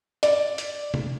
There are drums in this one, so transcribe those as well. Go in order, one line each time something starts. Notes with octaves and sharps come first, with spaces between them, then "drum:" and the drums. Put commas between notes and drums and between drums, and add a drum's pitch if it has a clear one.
D5, drum: hi-hat
drum: hi-hat
drum: tom C3